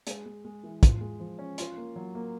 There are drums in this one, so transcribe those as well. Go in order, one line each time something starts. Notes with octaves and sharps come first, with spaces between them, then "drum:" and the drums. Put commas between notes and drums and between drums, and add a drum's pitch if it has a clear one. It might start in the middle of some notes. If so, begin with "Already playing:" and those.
G#3, drum: hi-hat
G#3
G#3
E3
F4, drum: kick, hi-hat
G#3
F3
C#4
F4, drum: hi-hat
A#3
F#3
A#3